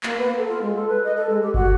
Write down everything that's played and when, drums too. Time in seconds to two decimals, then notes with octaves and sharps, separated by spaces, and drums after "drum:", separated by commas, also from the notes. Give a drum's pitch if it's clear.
0.03 A#3, drum: clap
0.18 B3
0.37 A4
0.48 F4
0.61 G#3
0.75 A4
0.89 B4
1.04 D#5
1.16 A4
1.29 G#3
1.42 G4
1.54 F#4, drum: kick F#1